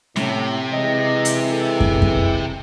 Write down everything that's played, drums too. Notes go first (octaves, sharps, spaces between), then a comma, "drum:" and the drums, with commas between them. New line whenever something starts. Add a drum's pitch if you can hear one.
A2 C3, drum: snare
E3 G#3 D#5
drum: hi-hat
A4
drum: kick
drum: kick